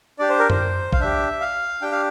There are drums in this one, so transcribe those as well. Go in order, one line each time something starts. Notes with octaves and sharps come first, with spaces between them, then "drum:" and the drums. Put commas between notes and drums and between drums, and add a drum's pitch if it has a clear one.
D4 G4 D5
C5
A#4
C5, drum: tom F#2
F5, drum: kick
D4 G4 E5
F5
D4 G4 G5
F5